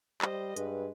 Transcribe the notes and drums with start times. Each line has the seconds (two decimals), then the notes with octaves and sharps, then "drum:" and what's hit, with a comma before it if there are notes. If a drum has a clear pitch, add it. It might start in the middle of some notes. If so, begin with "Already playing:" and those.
0.22 G3 C5 D#5, drum: clap
0.57 G2 G#3 B4, drum: hi-hat